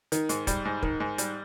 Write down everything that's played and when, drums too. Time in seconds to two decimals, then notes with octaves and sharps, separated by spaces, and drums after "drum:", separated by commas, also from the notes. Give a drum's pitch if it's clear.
0.12 D#3, drum: hi-hat
0.29 G#2, drum: hi-hat
0.47 G3, drum: kick, hi-hat
0.65 G#2
0.83 D#3, drum: kick
1.00 G#2
1.18 G3, drum: hi-hat